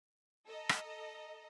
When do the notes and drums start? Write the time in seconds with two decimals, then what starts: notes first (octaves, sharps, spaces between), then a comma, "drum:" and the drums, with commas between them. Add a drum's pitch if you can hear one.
0.46 A4 D#5 A#5
0.69 drum: rim click